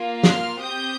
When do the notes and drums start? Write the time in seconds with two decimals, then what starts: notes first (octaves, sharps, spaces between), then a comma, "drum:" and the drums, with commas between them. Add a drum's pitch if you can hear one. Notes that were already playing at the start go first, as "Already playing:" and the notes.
Already playing: A#3 F4
0.23 C6 F6, drum: snare
0.60 C4 G4 D#6 G6